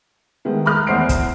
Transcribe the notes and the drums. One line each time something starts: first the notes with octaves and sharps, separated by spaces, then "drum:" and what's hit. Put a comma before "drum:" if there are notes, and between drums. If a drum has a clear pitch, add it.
D#3 G#3 A3 B3
A#5 B5 D6 D#6 F6 F#6
E2 A3 C5 F#5 C7 D7
drum: kick, hi-hat